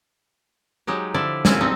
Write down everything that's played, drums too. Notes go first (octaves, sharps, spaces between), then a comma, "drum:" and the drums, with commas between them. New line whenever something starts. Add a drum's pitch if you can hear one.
F#3 G#3 D#4 G4
D3 F3 E4 D5
A#2 F#3 C4 C#4 E4 G#5, drum: snare
C4 D#4 A4